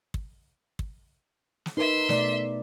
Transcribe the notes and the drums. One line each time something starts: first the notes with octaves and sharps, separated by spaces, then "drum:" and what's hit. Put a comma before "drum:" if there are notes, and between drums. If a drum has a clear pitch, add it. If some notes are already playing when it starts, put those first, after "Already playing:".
drum: kick
drum: kick
drum: snare
D#4 A#4 B4 E5 C6
B2 A3 D5, drum: snare